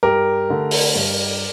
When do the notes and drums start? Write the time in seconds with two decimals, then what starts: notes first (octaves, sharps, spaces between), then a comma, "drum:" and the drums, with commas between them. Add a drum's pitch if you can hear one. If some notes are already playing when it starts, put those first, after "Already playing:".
0.03 G2 G4 A#4
0.49 D3 A3
0.71 drum: open hi-hat
0.95 G2